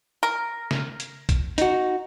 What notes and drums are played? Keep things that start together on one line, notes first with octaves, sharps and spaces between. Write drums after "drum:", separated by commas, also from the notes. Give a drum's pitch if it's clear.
A#4
drum: snare
drum: hi-hat
drum: kick B1, hi-hat
D#4 F#4, drum: hi-hat